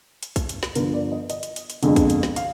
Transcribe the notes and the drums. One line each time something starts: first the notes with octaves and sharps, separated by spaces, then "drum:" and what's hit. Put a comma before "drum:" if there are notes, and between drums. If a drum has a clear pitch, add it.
drum: hi-hat
drum: kick, hi-hat
drum: hi-hat
drum: snare
G1 G2 F3 A#4, drum: hi-hat
D5
D#5
D#5, drum: hi-hat
drum: hi-hat
drum: hi-hat
drum: hi-hat
G1 F2 D3 G#3, drum: hi-hat
drum: kick, hi-hat
drum: hi-hat
drum: snare
F5, drum: hi-hat